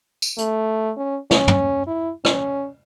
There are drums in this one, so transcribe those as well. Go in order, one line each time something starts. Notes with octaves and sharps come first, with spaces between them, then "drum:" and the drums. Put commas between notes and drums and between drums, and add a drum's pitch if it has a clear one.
drum: tambourine
A3, drum: hi-hat
C#4
C#4, drum: snare
drum: tom
E4
C#4, drum: rim click